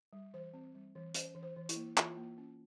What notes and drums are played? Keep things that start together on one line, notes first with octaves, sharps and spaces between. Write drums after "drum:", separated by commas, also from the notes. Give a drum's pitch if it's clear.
G3
E3 C5
C4
G3
E3
C#4 C5, drum: hi-hat
E3
C5
E3
E4, drum: hi-hat
A#3
E3 F4, drum: clap
A#3
C#4